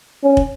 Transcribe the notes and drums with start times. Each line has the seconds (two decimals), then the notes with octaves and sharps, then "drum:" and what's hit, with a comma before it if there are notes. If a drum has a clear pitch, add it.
0.24 C#4
0.37 drum: kick